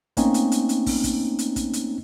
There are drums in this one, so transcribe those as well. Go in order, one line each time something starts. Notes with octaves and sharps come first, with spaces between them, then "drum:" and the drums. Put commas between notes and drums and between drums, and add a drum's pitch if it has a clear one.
A3 A#3 C4 C#4 D#4, drum: kick, hi-hat
drum: hi-hat
drum: hi-hat
drum: hi-hat
drum: kick, open hi-hat
drum: kick, hi-hat
drum: hi-hat
drum: kick, hi-hat
drum: hi-hat